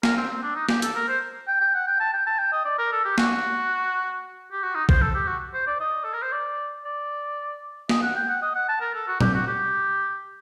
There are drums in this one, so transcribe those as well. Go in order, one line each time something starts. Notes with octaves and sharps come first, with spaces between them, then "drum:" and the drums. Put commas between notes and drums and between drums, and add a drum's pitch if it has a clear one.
A#4, drum: snare
C4
C4
D4
D#4
G4, drum: snare
A4, drum: hi-hat
A#4
C5
G5
G5
F#5
G5
A5
G5
A5
G5
D#5
D5
A#4
A4
G4
F#4, drum: snare
G4
F#4
D#4
C5, drum: kick A#1
A4
G4
F#4
C5
D5
D#5
A4
A#4
C5
D5
D5
D#5, drum: snare
F#5
G5
F#5
D#5
F#5
A5
A#4
A4
F#4
G4, drum: tom
F#4
G4